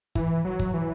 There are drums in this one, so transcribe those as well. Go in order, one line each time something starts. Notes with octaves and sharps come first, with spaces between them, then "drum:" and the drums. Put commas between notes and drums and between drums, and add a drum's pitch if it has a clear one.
E3, drum: kick G1
F#3
drum: kick G1
E3